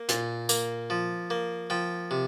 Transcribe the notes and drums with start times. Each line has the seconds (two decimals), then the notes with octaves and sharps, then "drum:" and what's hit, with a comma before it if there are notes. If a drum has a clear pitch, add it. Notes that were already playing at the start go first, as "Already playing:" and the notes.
Already playing: A#3
0.09 A#2, drum: hi-hat
0.49 A#3, drum: tambourine
0.90 F3
1.30 A#3
1.70 F3 G5
2.11 C3